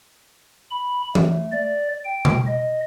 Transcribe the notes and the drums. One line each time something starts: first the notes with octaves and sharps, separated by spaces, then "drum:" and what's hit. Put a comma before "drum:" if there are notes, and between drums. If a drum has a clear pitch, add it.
B5
A3, drum: tom
D5
G5
drum: tom B2
D#5